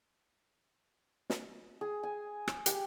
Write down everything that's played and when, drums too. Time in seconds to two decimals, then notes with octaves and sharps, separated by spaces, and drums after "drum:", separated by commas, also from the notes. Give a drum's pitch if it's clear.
1.30 drum: snare
1.81 G#4
2.03 G#5
2.48 drum: rim click
2.66 G4, drum: hi-hat